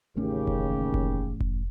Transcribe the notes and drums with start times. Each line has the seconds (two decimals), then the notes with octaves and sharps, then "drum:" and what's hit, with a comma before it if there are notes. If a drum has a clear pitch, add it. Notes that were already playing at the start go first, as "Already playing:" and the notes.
0.16 A1 D#2 C#3 A3 C#4 G4
0.47 drum: kick F1
0.94 drum: kick F1
1.40 drum: kick F1